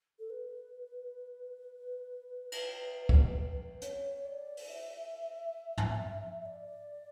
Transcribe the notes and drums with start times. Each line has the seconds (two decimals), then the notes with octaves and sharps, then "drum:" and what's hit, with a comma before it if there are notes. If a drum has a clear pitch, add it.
0.19 A4
0.30 B4
2.52 drum: cymbal
3.09 drum: kick
3.82 C#5, drum: hi-hat
4.25 D5
4.57 drum: open hi-hat
4.69 E5
5.77 drum: tom
6.46 D5